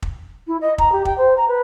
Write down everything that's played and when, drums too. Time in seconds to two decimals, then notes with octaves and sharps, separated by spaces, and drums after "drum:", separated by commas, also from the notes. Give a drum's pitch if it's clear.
0.02 drum: kick
0.47 E4
0.61 D#5
0.78 A#5, drum: kick
0.92 G4
1.05 G5, drum: kick
1.17 C5
1.37 A#5
1.48 B4